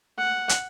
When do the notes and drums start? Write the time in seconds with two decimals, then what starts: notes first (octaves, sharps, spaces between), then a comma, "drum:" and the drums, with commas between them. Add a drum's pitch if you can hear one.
0.19 F#5
0.49 drum: hi-hat